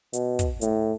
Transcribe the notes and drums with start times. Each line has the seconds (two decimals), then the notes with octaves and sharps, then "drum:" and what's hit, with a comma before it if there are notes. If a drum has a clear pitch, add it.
0.13 B2, drum: hi-hat
0.39 drum: kick, hi-hat
0.62 A2, drum: hi-hat